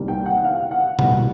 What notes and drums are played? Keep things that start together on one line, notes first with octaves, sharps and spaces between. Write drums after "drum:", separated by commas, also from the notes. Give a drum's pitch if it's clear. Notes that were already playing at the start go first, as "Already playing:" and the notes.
Already playing: C2 C3 D#3 G3 A#3
G5
F#5
F#5
F5
F#5
C2 B2 G3 A#3 F#5, drum: tom B2